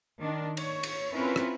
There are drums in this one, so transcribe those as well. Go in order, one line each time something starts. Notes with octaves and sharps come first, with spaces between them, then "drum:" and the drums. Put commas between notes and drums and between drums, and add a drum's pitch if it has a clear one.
D#3 D4
C#5, drum: cymbal
drum: cymbal
C4 C#4 E4 F4 A#4 B4
drum: rim click